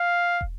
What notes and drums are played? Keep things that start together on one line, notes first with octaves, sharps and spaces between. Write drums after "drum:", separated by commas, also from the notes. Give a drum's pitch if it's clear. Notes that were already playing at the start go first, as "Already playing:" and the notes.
Already playing: F5
drum: kick